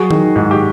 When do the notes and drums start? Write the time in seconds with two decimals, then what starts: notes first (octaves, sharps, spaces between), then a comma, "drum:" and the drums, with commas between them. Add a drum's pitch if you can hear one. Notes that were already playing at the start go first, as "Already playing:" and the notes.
Already playing: F#3 F#4 G#4
0.11 D#3, drum: tom D#3
0.36 G#2
0.51 G4